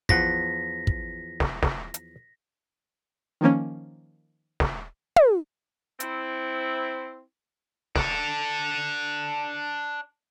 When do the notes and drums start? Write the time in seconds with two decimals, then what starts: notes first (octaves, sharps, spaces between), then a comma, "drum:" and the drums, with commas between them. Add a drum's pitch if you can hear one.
0.09 E2 F3 F#5 A#6 B6, drum: kick
0.87 drum: kick
1.40 drum: snare
1.63 drum: snare
1.94 drum: hi-hat
3.41 D#3 F3 A#3 C#4
4.60 drum: snare
5.16 drum: tom
6.00 C4 E4, drum: hi-hat
7.96 D4 A4, drum: snare